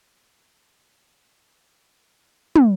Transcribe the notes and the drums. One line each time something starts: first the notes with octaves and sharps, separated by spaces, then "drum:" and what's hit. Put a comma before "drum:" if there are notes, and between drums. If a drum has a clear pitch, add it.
A5 D#6 F6 A6
drum: tom